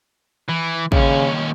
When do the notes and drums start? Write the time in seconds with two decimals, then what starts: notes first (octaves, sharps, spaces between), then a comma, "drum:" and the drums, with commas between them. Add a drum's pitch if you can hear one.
0.49 E3
0.92 D#2 C#3 C#4, drum: kick